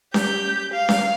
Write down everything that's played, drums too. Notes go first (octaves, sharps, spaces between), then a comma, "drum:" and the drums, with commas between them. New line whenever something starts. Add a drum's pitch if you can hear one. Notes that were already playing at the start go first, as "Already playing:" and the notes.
G4 G6, drum: snare C#4
F5
drum: snare C#4